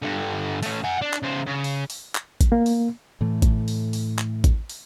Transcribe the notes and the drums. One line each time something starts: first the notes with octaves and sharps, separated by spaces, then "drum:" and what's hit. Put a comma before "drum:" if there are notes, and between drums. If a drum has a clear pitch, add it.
G2 D3
A3 C#4, drum: open hi-hat
F#5 G#5
D4
drum: clap
C#3 C5
C#3
drum: open hi-hat
drum: open hi-hat
drum: clap
drum: kick A1, hi-hat
A#3
drum: open hi-hat
A2 E3 A3
drum: kick A1, hi-hat
drum: open hi-hat
drum: open hi-hat
drum: clap
drum: kick A1, hi-hat
drum: open hi-hat